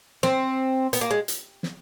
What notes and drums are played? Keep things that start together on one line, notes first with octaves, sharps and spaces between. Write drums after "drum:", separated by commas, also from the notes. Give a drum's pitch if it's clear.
C4, drum: snare
B3, drum: hi-hat
A#3
G#3
drum: hi-hat
drum: snare